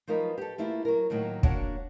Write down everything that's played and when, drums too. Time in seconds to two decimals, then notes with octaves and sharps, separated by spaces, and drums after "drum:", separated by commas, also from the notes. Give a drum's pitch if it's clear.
0.08 F3 F#3 D#4 F4 A#4 B4
0.38 G4 A4
0.58 A3 A#3 E4 F4 G4 A4
0.85 F#3 A#4
1.10 A2 D#3 F#3 A#3
1.43 A#3 D4 F#4 C#5 F#5, drum: kick